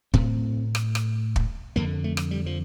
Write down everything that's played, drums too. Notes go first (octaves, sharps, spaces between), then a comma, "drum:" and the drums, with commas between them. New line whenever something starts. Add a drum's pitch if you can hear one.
A2 C4, drum: kick
drum: rim click
drum: rim click
drum: kick
F2 D3 A#3
A3
drum: rim click
G3
F3